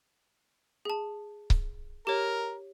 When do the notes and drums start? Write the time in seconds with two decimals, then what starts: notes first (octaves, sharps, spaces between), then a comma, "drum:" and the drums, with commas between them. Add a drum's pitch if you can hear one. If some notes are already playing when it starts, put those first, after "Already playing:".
0.85 G#4 A5
1.50 drum: kick C#1
2.07 G4 A#4 C#5